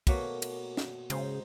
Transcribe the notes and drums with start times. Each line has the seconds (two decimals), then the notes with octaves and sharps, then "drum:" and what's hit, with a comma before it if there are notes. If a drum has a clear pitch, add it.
0.07 B2 A3 A#3 F#4 C#5, drum: kick, cymbal
0.42 drum: cymbal
0.77 drum: snare
1.10 G#2 C#3 C5, drum: cymbal